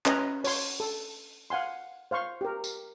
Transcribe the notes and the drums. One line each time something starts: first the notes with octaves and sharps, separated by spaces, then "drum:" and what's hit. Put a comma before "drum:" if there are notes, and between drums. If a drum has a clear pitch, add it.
C#4 B4 D#5 E5 G#5 A#5, drum: clap
C#5 C6, drum: open hi-hat
A4
F5 F#5 G#5 C6
C5 F5 C6 C#6
G4 A#4
drum: tambourine